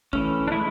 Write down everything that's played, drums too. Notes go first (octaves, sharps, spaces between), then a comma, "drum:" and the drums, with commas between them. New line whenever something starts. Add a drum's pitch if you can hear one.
E3 A3 C#4, drum: kick A1
D4
E3 G#3 E4